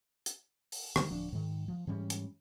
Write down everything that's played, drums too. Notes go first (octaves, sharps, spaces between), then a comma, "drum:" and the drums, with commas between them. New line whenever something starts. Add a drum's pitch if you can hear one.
drum: hi-hat
drum: open hi-hat
D3 D#3 F#3 G3, drum: rim click
D1 F3 D4
G#2 D#3
F3
G#2 E3 G3 C#4
drum: hi-hat